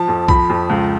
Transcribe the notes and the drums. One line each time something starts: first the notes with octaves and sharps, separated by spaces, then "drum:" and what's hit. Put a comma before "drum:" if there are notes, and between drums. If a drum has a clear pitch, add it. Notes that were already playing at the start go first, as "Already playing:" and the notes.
Already playing: F3 A5
F2
F3 B5, drum: kick B1
F2
C#2